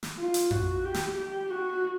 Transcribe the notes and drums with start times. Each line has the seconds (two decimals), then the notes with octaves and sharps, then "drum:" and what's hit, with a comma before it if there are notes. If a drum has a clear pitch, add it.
0.03 drum: snare
0.18 F4
0.34 drum: hi-hat
0.51 F#4, drum: tom F2
0.85 G4
0.94 drum: snare
1.17 G4
1.51 F#4